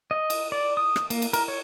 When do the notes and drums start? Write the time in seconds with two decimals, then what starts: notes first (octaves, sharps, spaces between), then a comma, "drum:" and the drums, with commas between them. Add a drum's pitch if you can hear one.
0.11 D#5
0.30 drum: cymbal
0.52 D5
0.77 D#6
0.96 drum: rim click
1.10 A#3, drum: cymbal
1.22 drum: cymbal
1.33 A#4, drum: cymbal
1.48 C#5